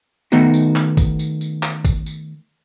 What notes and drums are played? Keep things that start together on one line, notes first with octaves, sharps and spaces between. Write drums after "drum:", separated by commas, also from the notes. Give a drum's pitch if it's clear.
D#3 A3 B3 D#4 F#4, drum: tambourine
drum: tambourine
drum: clap
drum: kick A1, tambourine
drum: tambourine
drum: tambourine
drum: clap
drum: kick A1, tambourine
drum: tambourine